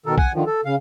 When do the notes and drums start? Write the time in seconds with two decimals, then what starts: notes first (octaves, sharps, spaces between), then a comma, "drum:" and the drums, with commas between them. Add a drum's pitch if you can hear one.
0.06 B2 D#3 A4 A#4
0.18 F#5 G#5, drum: kick B1
0.34 D3 D#3 F3
0.47 A4
0.65 C#3 F5